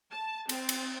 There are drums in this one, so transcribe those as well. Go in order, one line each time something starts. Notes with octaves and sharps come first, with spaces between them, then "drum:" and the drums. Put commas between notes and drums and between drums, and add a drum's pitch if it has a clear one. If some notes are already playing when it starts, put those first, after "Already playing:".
A5
C4, drum: cymbal
drum: cymbal